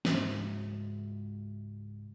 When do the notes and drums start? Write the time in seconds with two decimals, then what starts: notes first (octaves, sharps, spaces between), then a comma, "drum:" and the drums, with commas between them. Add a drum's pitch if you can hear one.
0.05 C#2 G#2 G#3 F#4 E5, drum: snare